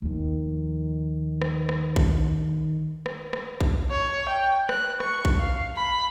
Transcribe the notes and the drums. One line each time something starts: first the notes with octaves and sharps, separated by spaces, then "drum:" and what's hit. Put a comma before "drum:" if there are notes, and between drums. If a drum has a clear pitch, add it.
D#2 D#3 F3
drum: rim click
drum: rim click
drum: kick A#1
drum: rim click
drum: rim click
drum: kick A#1
C#5
G5
F#6, drum: rim click
C#6, drum: rim click
drum: kick A#1
F5
B5